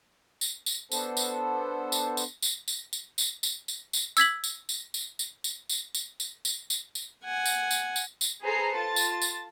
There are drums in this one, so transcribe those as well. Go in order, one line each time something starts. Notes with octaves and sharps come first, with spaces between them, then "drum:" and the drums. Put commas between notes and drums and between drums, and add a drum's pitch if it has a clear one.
drum: tambourine
drum: tambourine
B3 D4 A4 C5, drum: tambourine
drum: tambourine
drum: tambourine
drum: tambourine
drum: tambourine
drum: tambourine
drum: tambourine
drum: tambourine
drum: tambourine
drum: tambourine
drum: tambourine
E6 G#6 B6 F#7, drum: tambourine
drum: tambourine
drum: tambourine
drum: tambourine
drum: tambourine
drum: tambourine
drum: tambourine
drum: tambourine
drum: tambourine
drum: tambourine
drum: tambourine
drum: tambourine
F#5 G#5
drum: tambourine
drum: tambourine
drum: tambourine
drum: tambourine
G#4 A4 B4 C5 A#5 C7
F4 A5 A6
drum: tambourine
drum: tambourine